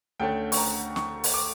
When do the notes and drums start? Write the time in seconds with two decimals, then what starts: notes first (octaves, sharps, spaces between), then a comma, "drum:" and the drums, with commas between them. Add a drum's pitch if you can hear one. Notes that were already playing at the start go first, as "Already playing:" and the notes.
0.19 D2 D3 A3 C#4 G5
0.52 C#6, drum: open hi-hat
0.57 A#5
0.96 C#6, drum: snare
1.24 drum: open hi-hat
1.34 D6